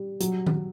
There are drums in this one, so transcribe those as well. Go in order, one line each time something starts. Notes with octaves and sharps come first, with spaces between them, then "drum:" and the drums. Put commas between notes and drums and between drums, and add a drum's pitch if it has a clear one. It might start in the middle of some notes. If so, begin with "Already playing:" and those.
Already playing: G3
F#3, drum: hi-hat
drum: tom D#3